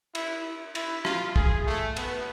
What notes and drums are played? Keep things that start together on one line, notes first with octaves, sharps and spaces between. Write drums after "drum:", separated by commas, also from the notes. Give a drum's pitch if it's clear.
E4, drum: cymbal
E4, drum: cymbal
F4, drum: rim click
G#4, drum: kick
A3
B3, drum: cymbal